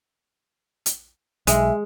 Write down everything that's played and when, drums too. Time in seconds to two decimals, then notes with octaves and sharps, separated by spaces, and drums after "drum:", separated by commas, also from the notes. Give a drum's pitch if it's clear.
0.86 drum: hi-hat
1.47 B1 G#3 E5, drum: hi-hat